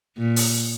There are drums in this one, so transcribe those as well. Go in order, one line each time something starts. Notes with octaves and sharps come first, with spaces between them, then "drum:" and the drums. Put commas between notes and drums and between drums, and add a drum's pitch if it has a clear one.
A#2
drum: open hi-hat